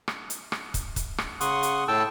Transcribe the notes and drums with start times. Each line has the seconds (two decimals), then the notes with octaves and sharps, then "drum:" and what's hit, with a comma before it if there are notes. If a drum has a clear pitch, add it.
0.08 drum: rim click
0.30 drum: hi-hat
0.52 drum: rim click
0.74 drum: kick, hi-hat
0.96 drum: kick, hi-hat
1.18 drum: rim click
1.41 C#3 F#5 C6 C#6 D#6, drum: hi-hat
1.63 drum: hi-hat
1.88 A2 A4 G5 A5 E6